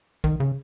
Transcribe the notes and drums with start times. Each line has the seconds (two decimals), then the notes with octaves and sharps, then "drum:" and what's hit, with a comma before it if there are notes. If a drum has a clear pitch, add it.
0.24 D#3, drum: kick B1
0.40 C#3